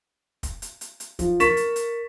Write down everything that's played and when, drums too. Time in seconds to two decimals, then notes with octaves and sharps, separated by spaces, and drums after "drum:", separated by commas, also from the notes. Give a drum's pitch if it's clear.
0.43 drum: kick, hi-hat
0.62 drum: hi-hat
0.81 drum: hi-hat
1.00 drum: hi-hat
1.19 F3, drum: kick, hi-hat
1.40 A#4 C#6 A6 B6 E7, drum: hi-hat
1.57 drum: hi-hat
1.76 drum: hi-hat